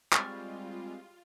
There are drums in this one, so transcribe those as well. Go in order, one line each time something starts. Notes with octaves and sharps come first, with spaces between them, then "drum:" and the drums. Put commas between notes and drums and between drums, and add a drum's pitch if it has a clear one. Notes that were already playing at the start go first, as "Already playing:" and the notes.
G3 G#3 C4 F4 C#6 F6 A6, drum: clap